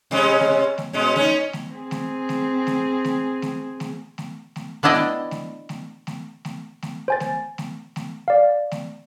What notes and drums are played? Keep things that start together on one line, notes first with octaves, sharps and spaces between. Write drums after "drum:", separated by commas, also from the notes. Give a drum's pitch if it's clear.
C3 G#3 C#4
drum: snare A3
drum: snare A3
B2 G#3 C#4
C#4 D#4, drum: snare A3
drum: snare A3
C4 G#4
drum: snare A3
drum: snare A3
drum: snare A3
drum: snare A3
drum: snare A3
drum: snare A3
drum: snare A3
drum: snare A3
B3 D4 E4 D5 D#5 G5
drum: snare A3
drum: snare A3
drum: snare A3
drum: snare A3
drum: snare A3
drum: snare A3
C5 G#5 A6
drum: snare A3
drum: snare A3
drum: snare A3
D5 F5
drum: snare A3